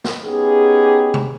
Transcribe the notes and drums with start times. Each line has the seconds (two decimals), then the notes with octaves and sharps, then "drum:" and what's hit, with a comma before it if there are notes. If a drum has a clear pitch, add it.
0.04 drum: snare
0.24 B3 C#4 D#4 G4 G#4
1.14 drum: tom C3